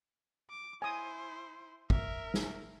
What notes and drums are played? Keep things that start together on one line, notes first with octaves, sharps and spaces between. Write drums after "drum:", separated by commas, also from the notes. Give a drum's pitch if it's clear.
D6
E4 C5 G#5 D#6
A#4 E5, drum: kick
drum: snare